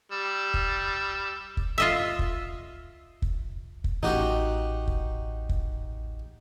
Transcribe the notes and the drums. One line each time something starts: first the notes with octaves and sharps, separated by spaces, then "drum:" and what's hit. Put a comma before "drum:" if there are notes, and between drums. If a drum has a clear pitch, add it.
G3 E6
drum: kick
drum: kick
F4 D#5 E5
drum: kick
drum: kick
drum: kick
A1 D#4 F#4 G4
drum: kick
drum: kick